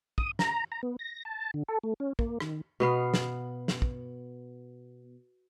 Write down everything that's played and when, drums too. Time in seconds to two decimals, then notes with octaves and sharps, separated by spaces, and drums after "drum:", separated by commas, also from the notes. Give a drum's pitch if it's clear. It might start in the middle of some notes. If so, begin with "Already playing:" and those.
0.18 D#6, drum: kick
0.39 A#5, drum: snare
0.72 A#5
0.83 B3
0.99 A#6
1.25 A5
1.54 D3
1.68 A4
1.84 A3
2.00 C#4
2.19 A#3, drum: kick
2.40 D#3, drum: rim click
2.80 B2 B3 F5
3.14 drum: snare
3.68 drum: snare
3.82 drum: kick